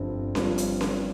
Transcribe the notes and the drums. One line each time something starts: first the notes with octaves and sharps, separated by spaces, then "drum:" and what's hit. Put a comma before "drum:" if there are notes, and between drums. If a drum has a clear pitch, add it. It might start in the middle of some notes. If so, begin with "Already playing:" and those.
Already playing: G1 G2 F3 C4
G1 G2 F3 C4 F4, drum: snare C#4
drum: hi-hat
drum: snare C#4